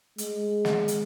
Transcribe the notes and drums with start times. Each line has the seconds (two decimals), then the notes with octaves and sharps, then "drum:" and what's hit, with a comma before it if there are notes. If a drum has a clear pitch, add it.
0.18 G#3, drum: hi-hat
0.65 drum: snare
0.88 drum: hi-hat